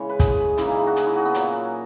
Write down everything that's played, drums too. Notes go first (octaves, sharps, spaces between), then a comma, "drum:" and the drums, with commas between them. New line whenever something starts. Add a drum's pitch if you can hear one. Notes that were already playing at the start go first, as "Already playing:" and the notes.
Already playing: C#3 E3 G#3 C#5
B4
G#4, drum: kick, hi-hat
C#3 E3 A#3 E4, drum: hi-hat
D#4
F#4
G#4, drum: hi-hat
E4
F#4
B3
A#2 F#3 A#3, drum: hi-hat